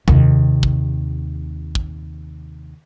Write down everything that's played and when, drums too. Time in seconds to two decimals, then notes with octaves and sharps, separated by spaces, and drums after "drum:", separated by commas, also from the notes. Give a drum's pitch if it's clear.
0.08 D#2 C3, drum: tom F2
0.63 drum: kick
1.75 drum: kick